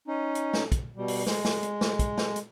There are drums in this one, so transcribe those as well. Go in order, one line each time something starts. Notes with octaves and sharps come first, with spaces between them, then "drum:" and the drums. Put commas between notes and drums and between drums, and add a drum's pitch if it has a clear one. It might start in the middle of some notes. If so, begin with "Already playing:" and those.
C#4 D#4
drum: hi-hat
drum: snare
drum: kick, hi-hat
B2 G3
drum: open hi-hat
G#3, drum: snare
drum: snare
drum: hi-hat
drum: snare
drum: kick, hi-hat
drum: snare
drum: hi-hat